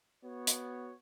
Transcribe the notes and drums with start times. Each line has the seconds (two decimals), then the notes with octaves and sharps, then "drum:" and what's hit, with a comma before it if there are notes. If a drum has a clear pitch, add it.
0.23 B3 F#4 C#5
0.47 drum: hi-hat